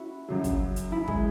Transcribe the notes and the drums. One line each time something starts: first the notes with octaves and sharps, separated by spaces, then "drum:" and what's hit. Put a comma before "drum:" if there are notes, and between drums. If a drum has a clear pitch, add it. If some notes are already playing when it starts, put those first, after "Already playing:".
Already playing: C#4 E4 F#4
F#2 C#3 F#3
drum: kick, hi-hat
drum: hi-hat
E4
G#3, drum: kick